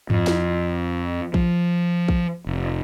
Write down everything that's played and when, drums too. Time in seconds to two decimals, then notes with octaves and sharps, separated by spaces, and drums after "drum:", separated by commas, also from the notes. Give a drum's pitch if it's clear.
0.10 F2, drum: tom G2
0.27 drum: snare
1.34 F3, drum: kick A#1
2.08 drum: kick A#1
2.47 F1